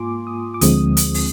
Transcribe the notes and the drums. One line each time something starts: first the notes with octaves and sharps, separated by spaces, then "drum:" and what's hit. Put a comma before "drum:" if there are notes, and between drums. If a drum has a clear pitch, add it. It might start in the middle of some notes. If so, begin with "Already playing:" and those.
Already playing: G#2 A#3 F4 G#5 C6 D6
D#6
D6
D2 D3 F3 G#3 C4 D#6, drum: hi-hat
drum: hi-hat
drum: open hi-hat